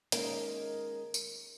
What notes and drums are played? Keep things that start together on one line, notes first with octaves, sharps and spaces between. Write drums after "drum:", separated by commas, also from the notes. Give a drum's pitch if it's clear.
D#3 G#3 A#3 C#4 D#4 A#4, drum: hi-hat
drum: tambourine